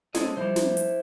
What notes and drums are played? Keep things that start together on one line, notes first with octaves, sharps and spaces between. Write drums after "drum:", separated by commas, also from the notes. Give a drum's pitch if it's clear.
G#3 C4 C#4 G#4 A4 D#5, drum: snare
F3 G3 E4 C5
drum: snare
drum: hi-hat